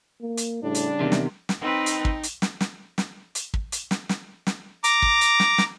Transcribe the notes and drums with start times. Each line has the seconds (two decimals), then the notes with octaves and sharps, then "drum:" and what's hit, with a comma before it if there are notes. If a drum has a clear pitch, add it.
0.22 A#3
0.37 drum: hi-hat
0.63 A2 C#3 G3 D4
0.75 drum: hi-hat
1.00 E2 C3 D#3
1.12 drum: snare
1.49 drum: snare
1.61 C4 D#4 B4 G5
1.86 drum: hi-hat
2.05 drum: kick
2.23 drum: hi-hat
2.42 drum: snare
2.61 drum: snare
2.98 drum: snare
3.35 drum: hi-hat
3.54 drum: kick
3.72 drum: hi-hat
3.91 drum: snare
4.09 drum: snare
4.47 drum: snare
4.84 A#5 D6, drum: hi-hat
5.02 drum: kick
5.21 drum: hi-hat
5.40 drum: snare
5.58 drum: snare